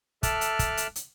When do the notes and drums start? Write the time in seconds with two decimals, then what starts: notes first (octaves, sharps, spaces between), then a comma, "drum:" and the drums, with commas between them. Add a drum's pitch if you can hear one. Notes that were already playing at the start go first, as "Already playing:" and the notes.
0.23 A4 E5 A5 D6 F6 F#6, drum: kick, hi-hat
0.41 drum: hi-hat
0.59 drum: kick, hi-hat
0.77 drum: hi-hat
0.96 drum: hi-hat